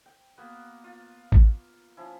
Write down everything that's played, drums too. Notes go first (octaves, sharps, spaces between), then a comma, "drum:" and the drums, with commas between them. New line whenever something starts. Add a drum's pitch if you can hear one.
G5
A#3 B3 F#4 F#5
F4
drum: kick G#1
F3 C#4 E4